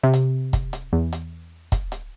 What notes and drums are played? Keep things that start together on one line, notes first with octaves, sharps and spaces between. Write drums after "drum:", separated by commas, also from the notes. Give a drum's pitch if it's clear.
C3
drum: hi-hat
drum: kick, hi-hat
drum: hi-hat
E2
drum: hi-hat
drum: kick, hi-hat
drum: hi-hat